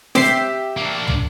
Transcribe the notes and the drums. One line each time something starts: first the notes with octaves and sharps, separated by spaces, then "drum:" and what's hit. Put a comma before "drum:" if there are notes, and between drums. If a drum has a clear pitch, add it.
C4 G4 C5 E5 C7, drum: snare
A#3 D4
drum: tom